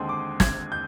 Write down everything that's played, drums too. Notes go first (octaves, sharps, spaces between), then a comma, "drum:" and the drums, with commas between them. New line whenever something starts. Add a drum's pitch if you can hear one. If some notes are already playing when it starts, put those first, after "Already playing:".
Already playing: D#2 D3 G#3 C4 C6
D6
G#6, drum: snare
G6